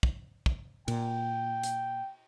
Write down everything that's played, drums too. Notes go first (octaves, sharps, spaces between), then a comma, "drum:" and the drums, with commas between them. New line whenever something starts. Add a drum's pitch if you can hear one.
drum: kick
drum: kick
A#2 G5, drum: cymbal
drum: hi-hat